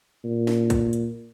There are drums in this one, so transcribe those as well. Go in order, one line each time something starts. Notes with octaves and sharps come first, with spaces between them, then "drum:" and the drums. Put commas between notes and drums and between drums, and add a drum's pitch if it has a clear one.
A#2
drum: snare
drum: kick, hi-hat
drum: hi-hat